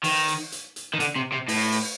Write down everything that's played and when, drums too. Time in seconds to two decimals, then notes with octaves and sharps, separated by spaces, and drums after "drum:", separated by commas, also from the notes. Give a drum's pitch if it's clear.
0.04 D#3, drum: open hi-hat
0.28 drum: hi-hat
0.52 drum: hi-hat
0.76 drum: hi-hat
0.94 D#3
1.00 D3, drum: hi-hat
1.16 C3
1.32 C3
1.48 A2, drum: open hi-hat
1.72 drum: open hi-hat